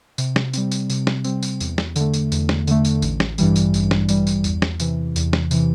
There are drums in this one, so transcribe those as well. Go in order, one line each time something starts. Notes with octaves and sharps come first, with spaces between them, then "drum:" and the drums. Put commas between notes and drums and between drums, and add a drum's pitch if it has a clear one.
C3, drum: tambourine
drum: snare
G3 C4, drum: tambourine
drum: tambourine
C3, drum: tambourine
drum: snare
G3 C4, drum: tambourine
drum: tambourine
E2, drum: tambourine
drum: snare
D3 A3, drum: tambourine
drum: tambourine
E2, drum: tambourine
drum: snare
D3 A3, drum: tambourine
drum: tambourine
A1, drum: tambourine
drum: snare
G2 E3 G3, drum: tambourine
drum: tambourine
A1, drum: tambourine
drum: snare
G2 E3 G3, drum: tambourine
drum: tambourine
E2, drum: tambourine
drum: snare
C3 E3, drum: tambourine
E2, drum: tambourine
drum: snare
C3 E3, drum: tambourine